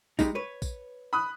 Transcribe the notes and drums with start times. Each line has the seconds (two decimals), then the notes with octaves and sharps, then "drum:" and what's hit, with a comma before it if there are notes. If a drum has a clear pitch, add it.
0.19 G3 G#3 D#4, drum: kick, tambourine
0.35 B4 C#5
0.62 drum: kick, tambourine
1.13 B5 D#6 F#6